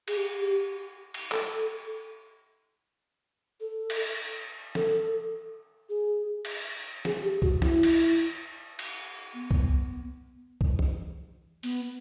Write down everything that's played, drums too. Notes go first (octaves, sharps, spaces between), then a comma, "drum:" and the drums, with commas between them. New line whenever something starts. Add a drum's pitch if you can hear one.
G#4, drum: cymbal
G4
drum: cymbal
A4, drum: clap
A4
drum: cymbal
A4, drum: snare
G#4
drum: cymbal
G#4, drum: snare
G4
F#4, drum: kick C2
E4, drum: snare
drum: cymbal
drum: cymbal
B3
drum: kick C2
drum: kick C2
drum: tom
B3, drum: open hi-hat